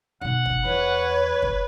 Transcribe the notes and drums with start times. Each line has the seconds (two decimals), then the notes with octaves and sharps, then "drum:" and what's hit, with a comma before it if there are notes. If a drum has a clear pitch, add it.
0.21 B2 D#4 F#5
0.46 drum: kick
0.65 E2 B4 C#5
1.42 drum: kick